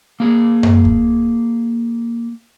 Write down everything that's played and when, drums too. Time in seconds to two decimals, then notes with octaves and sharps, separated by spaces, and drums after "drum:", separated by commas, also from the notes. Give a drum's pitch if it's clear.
0.20 A#3 G#4
0.63 drum: tom F#2
0.85 drum: kick C#2